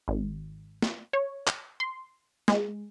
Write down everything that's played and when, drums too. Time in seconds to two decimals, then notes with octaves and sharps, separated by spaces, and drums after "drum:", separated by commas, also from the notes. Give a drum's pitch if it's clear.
0.08 G#1
0.82 drum: snare
1.13 C#5
1.47 drum: clap
1.80 C6
2.48 G#3, drum: snare